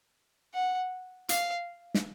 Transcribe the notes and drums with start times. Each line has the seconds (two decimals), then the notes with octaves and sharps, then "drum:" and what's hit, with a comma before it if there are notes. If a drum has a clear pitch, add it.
0.54 F#5
1.29 F5, drum: hi-hat
1.94 drum: snare